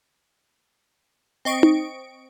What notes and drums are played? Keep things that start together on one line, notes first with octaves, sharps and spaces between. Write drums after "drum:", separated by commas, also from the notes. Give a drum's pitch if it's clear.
C4 D#5 C#6 D7
drum: tom D#4